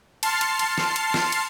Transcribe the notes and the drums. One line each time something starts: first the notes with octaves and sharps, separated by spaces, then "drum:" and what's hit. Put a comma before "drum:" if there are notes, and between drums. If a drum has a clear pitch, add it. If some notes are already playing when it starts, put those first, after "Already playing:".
A5 C6 F6 A6 C7 C#7, drum: cymbal
drum: cymbal
drum: cymbal
drum: snare
drum: cymbal
drum: snare
drum: cymbal